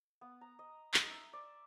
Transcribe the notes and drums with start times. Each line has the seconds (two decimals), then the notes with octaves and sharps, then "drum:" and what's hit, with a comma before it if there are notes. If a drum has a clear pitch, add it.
0.21 B3
0.41 A#5
0.59 D#5
0.94 D#4, drum: clap
1.10 E5
1.33 D5